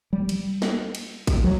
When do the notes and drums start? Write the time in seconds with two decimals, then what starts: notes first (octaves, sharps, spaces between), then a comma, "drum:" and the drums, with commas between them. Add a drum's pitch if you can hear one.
0.13 G3
0.29 drum: cymbal
0.62 drum: snare
0.95 drum: cymbal
1.27 drum: kick A1, cymbal
1.44 F#3